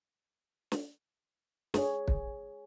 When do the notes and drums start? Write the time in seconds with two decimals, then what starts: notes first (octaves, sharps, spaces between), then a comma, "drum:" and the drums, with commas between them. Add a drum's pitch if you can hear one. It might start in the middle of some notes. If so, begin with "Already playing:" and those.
0.72 drum: snare
1.74 G#4 C#5, drum: snare
2.08 drum: kick